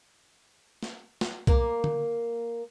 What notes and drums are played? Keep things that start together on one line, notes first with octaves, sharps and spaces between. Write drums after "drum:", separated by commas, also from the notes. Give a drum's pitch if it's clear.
drum: snare
drum: snare
A#3 A#4, drum: kick
drum: tom D3